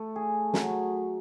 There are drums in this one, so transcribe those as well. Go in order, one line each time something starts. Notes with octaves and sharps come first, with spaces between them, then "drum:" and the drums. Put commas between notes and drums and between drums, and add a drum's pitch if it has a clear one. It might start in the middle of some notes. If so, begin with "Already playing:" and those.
Already playing: A3
G#4
F#3, drum: snare